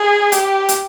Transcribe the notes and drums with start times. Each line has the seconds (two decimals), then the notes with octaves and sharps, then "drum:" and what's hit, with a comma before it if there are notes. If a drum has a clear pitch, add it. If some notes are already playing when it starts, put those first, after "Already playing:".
Already playing: G#4
0.32 G4, drum: hi-hat
0.69 drum: hi-hat